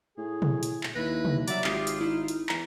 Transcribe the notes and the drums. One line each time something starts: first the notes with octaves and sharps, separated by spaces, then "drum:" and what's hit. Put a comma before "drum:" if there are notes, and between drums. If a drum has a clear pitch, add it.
A2 G#4
drum: tom
drum: hi-hat
drum: clap
D#2 E4 B4 A#6
drum: tom
F#3 G3 D5 E5 A#5, drum: hi-hat
G#1 F4 G4 D#6 C7, drum: clap
drum: hi-hat
D#4 E4
drum: hi-hat
E2 E3 A#5, drum: clap